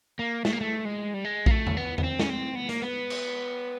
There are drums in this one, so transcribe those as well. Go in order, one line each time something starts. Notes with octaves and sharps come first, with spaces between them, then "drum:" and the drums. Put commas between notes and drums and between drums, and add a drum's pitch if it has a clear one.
A#3
A3, drum: snare
A#3
A3
G#3
G3
G#3
A#3, drum: kick A#1
A3
drum: tom E2
B3
B3, drum: tom E2
C4
C#4, drum: snare
C4
B3
A#3, drum: hi-hat
B3
drum: cymbal